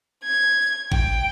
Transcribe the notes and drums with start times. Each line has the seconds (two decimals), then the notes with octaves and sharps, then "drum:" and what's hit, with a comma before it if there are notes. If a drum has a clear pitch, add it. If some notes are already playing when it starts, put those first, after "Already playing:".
0.24 G#6
0.92 G5, drum: kick G#1